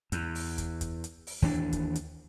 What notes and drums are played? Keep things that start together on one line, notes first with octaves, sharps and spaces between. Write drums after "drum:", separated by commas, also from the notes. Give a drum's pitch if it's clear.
E2, drum: hi-hat
drum: open hi-hat
drum: kick, hi-hat
drum: kick, hi-hat
drum: hi-hat
drum: open hi-hat
D#2 E3 G3 D4
drum: kick, hi-hat
drum: hi-hat